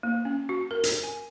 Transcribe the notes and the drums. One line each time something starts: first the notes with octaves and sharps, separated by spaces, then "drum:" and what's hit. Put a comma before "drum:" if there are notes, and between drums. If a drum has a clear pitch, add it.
A#3
C#4
F#4
A#4
drum: hi-hat
G#5